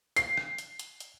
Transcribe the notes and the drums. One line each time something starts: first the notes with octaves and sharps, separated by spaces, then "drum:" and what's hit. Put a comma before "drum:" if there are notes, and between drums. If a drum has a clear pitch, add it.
C7, drum: hi-hat
drum: rim click
drum: hi-hat
drum: hi-hat
drum: hi-hat